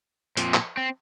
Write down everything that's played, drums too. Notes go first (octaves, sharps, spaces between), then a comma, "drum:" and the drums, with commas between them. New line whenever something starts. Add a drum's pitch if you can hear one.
A#2 F3 C4, drum: hi-hat
drum: clap
C4